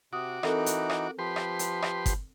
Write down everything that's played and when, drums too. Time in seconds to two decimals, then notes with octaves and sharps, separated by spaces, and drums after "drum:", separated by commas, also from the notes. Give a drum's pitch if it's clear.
0.13 C3 F#4 D6 D#6
0.43 E3 C4 D#4 A4 A#4, drum: rim click
0.66 drum: hi-hat
0.90 drum: rim click
1.19 F3 G4 B4 C6
1.36 drum: rim click
1.59 drum: hi-hat
1.82 drum: rim click
2.06 drum: kick G1, hi-hat